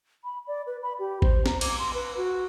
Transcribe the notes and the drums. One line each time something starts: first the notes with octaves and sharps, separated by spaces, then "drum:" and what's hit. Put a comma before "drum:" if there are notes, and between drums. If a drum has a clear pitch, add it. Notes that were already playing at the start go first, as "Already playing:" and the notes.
B5
D5
B4
B5
G4
C5, drum: kick
A#5, drum: snare
D6, drum: cymbal
C6
B4
F#4